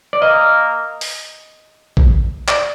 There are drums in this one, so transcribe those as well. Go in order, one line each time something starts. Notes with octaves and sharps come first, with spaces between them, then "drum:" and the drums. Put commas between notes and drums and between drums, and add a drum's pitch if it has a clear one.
D5
A#3 D#5
drum: open hi-hat
drum: kick A#1
D5, drum: clap